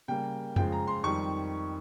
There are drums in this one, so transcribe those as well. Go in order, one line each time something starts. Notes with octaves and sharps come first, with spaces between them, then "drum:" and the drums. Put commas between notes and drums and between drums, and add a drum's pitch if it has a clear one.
C#3 G3 A#3 G5
C#3 F3 G#3 G5, drum: tom F2
A#5
C6
F2 D#3 G3 C#6